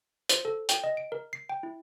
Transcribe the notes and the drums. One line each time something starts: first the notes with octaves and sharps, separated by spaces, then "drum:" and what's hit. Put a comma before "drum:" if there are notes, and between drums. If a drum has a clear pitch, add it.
C5, drum: hi-hat
A4
G5, drum: hi-hat
D#5
D7
A#4
C7
G5
E4